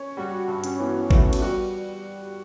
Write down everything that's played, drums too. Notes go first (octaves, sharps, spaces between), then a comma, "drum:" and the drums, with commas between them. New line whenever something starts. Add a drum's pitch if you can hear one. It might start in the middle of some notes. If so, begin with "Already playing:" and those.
Already playing: C#4 C#5
G3 F#4
F#4
G2
C#4, drum: hi-hat
E3 B3
A3 B3, drum: kick G#1
A3, drum: cymbal
G3 F#4